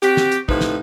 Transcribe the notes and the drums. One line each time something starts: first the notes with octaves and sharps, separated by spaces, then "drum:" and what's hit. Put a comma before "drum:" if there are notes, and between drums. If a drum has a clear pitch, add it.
C4 F#4 G4, drum: hi-hat
drum: snare
drum: hi-hat
A2 C3 F3 D#4 B4, drum: kick
drum: snare